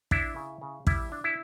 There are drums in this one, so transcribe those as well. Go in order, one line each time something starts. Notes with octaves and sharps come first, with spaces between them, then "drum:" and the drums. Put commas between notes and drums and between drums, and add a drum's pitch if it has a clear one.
D4 E4, drum: kick
C#3
C#3
G3 E4, drum: kick
D4
E4